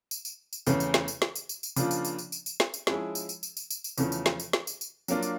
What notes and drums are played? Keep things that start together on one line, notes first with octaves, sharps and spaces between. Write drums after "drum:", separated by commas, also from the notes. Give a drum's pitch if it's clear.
drum: tambourine
drum: tambourine
drum: tambourine
E2 C#3 E3 A3 C#4, drum: tambourine
drum: tambourine
drum: snare
drum: tambourine
drum: snare
drum: tambourine
drum: tambourine
drum: tambourine
C#3 F3 A#3 D4 F4, drum: tambourine
drum: tambourine
drum: tambourine
drum: tambourine
drum: tambourine
drum: tambourine
drum: snare
drum: tambourine
F3 G#3 C#4 E4 G#4, drum: snare
drum: tambourine
drum: tambourine
drum: tambourine
drum: tambourine
drum: tambourine
drum: tambourine
E2 C#3 F3 A3 C#4, drum: tambourine
drum: tambourine
drum: snare
drum: tambourine
drum: snare
drum: tambourine
drum: tambourine
F#3 A#3 D4 F4, drum: tambourine
drum: tambourine